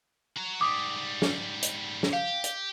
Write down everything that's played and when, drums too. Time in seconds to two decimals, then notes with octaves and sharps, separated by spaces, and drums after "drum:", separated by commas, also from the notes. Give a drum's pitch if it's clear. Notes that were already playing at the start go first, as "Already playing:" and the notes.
0.37 F#4 A#5
0.61 G#2 G3 D6 D#6
1.22 drum: snare
1.62 drum: hi-hat
2.03 drum: snare
2.13 G4 F5
2.44 drum: hi-hat